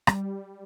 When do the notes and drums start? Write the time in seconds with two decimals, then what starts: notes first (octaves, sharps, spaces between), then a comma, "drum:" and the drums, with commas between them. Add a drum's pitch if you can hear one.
0.07 G3, drum: rim click